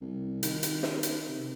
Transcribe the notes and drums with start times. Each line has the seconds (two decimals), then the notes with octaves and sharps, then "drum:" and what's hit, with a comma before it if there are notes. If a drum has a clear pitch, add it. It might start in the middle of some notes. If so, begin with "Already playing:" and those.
0.01 C2
0.43 D#3, drum: hi-hat
0.63 drum: hi-hat
0.83 drum: snare
1.03 drum: hi-hat
1.28 C3